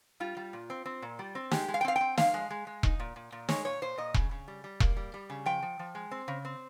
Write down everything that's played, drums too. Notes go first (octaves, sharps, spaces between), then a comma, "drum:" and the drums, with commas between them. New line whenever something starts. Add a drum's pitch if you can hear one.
G3 F4
G3
A#2
C4
C4
A#2
G3
C4
G#3 G4, drum: snare
G#3
F5
G5
C4 F5
G5
C4
F3 F5, drum: snare
G#3
G#3
G#3
D#4, drum: kick E1
A#2
A#2
A#2
G#3 C#5, drum: snare
A#2 C#5
A#2 C5
A#2 D#5
C#3, drum: kick E1
C#3
G3
G3
A#3, drum: kick E1
G3
G3
C#3
F3 G5
F3
F3
G#3
C4
C#3
C4